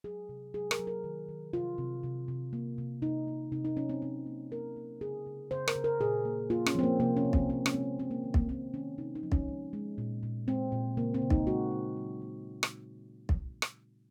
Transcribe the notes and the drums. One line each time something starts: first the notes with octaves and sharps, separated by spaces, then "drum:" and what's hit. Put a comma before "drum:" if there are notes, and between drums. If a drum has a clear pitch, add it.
F#3 G#4
C3
F#3 G#4
A#4, drum: rim click
F#3
A#4
D#3
D#3
C3 F4
C3
C3
C3
A#3
C3
C3 D#4
A#3
C3 D#4
D#4
F#3 C#4
C4
C3 C4
A#3
A#3 A#4
A#3
C#3 G#4
C#3
C#3 C5
A#4, drum: rim click
C#3
A#4
A#2 G#4
A#3
A#3 F4
C#4, drum: rim click
F3 C4
A#3
C3 A#3
C#4
C3
C4, drum: kick
C3 C4
C#4, drum: rim click
G#3 C4
A#3 C4
A#3
D#3
A#3, drum: kick
A#3 C4
D#3 C#4
C3 D#4
D#4
F3
C#4, drum: kick
G#3
G#3
A#2
A#2
G#3 C4
A#2
C#3 A#3
C4
C#3
D#4, drum: kick
G#3 F#4
C#3
F#3
A#3
drum: rim click
drum: kick
drum: rim click